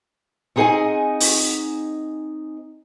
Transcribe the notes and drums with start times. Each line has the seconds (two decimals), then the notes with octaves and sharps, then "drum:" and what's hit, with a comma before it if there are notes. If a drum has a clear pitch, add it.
0.56 C4 D#4 G#4 D#5 F#5 G#5
1.20 drum: open hi-hat